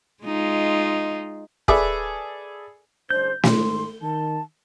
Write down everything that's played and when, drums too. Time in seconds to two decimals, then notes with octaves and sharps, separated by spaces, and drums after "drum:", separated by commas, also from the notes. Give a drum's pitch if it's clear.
0.23 G#3 D#4 F4
1.68 G#4 A4 B4 D5 E5 G#5, drum: kick E1
3.10 F#1 G#3 D4 C5 G6
3.43 G#2 D#3 C6, drum: snare
4.02 D#3 A5